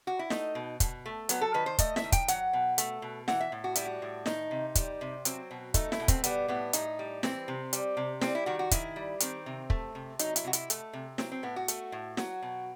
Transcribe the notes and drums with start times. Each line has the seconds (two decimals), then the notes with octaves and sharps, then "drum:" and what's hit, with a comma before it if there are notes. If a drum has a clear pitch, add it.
0.07 F#4
0.19 E4
0.30 A3 D#4, drum: snare
0.55 B2
0.80 B2, drum: kick, hi-hat
1.05 A3
1.29 F#3 B3, drum: hi-hat
1.41 A4
1.54 D#3 B4
1.66 C5
1.78 A3 D#5, drum: kick, hi-hat
1.96 E5, drum: snare
2.04 D#3
2.12 G5, drum: kick, hi-hat
2.28 F#3 F#5, drum: hi-hat
2.53 B2
2.78 A3, drum: hi-hat
3.02 B2
3.28 E3 F#5, drum: snare
3.40 E5
3.52 A2
3.64 F#4
3.75 G3 E4, drum: hi-hat
3.85 F#4
4.02 A2
4.26 D#3 D#4, drum: snare
4.51 C3
4.75 G3, drum: kick, hi-hat
5.01 C3
5.25 F#3 C4, drum: hi-hat
5.51 B2
5.74 A3 D#4, drum: kick, hi-hat
5.92 E4, drum: snare
6.00 B2
6.08 C4, drum: kick, hi-hat
6.24 G3 B3, drum: hi-hat
6.48 A2 B3
6.73 A2 D#4, drum: hi-hat
6.99 G3
7.23 E3 C4, drum: snare
7.48 C3
7.73 G3, drum: hi-hat
7.97 C3
8.21 G3 C4, drum: snare
8.35 E4
8.46 D#3 F#4
8.59 F#4
8.71 D#3 E4, drum: kick, hi-hat
8.96 G3
9.20 D#3 C4, drum: hi-hat
9.46 C3
9.70 A3, drum: kick
9.95 C3
10.19 F#3 D#4, drum: hi-hat
10.36 E4, drum: hi-hat
10.44 C3 F#4
10.53 E4, drum: hi-hat
10.70 A3, drum: hi-hat
10.93 C3
11.18 F#3 C4, drum: snare
11.32 C4
11.43 A2 B3
11.56 F#4
11.68 A3, drum: hi-hat
11.92 A2
12.17 F#3 F#4, drum: snare
12.42 B2